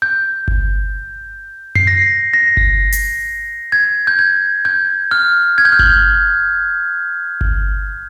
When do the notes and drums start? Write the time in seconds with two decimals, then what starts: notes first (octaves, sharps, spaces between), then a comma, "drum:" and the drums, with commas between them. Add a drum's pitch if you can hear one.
0.02 G6
0.48 drum: kick G1
1.75 C7, drum: tom F#2
1.87 A#6
2.33 A#6
2.57 drum: kick G1
2.92 drum: hi-hat
3.72 G#6
4.07 G6
4.19 G#6
4.65 G6
5.11 F6
5.58 G#6
5.65 G6
5.72 F6
5.79 G6, drum: kick G1
7.41 drum: kick G1